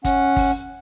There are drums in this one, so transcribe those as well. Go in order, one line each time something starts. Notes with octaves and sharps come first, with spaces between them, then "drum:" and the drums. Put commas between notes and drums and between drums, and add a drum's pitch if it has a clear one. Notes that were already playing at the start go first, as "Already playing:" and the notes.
C#4 F#5, drum: kick, hi-hat
drum: kick, open hi-hat